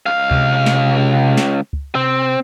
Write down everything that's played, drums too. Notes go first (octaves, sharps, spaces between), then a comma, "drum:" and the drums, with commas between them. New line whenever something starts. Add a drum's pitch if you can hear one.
C#2 F5
C3, drum: kick C#2
drum: snare
drum: snare
drum: kick C#2
C3 C4